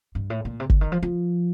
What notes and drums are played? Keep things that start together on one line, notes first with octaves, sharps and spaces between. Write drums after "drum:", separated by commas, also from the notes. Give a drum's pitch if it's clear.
G2
A2
A#2
C3
D3, drum: kick
D#3
F3
F3